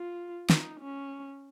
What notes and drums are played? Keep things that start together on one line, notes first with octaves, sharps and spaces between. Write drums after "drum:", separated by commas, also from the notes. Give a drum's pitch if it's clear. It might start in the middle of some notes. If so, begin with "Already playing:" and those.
Already playing: F4
D#4, drum: snare
C#4